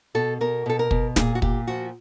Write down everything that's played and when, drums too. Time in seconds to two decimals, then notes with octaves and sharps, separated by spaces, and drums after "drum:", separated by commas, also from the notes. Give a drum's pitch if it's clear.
0.15 B2 A4
0.41 B2 A#4
0.66 B2 A4
0.79 A#4
0.91 B2, drum: kick
1.16 A#2 G#4, drum: snare
1.35 F#4
1.42 A#2 G4, drum: kick
1.67 F3 F#4